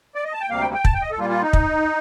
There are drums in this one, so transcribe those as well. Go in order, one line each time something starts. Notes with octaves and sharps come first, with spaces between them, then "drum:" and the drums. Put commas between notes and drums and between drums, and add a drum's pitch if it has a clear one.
D5
D#5
A5
G5
D2 C3 G3 A#3 F5
G5
G5
A5, drum: kick
G5
D#5
A4
A#2 G3 A#3 F4
F4
D#4
drum: kick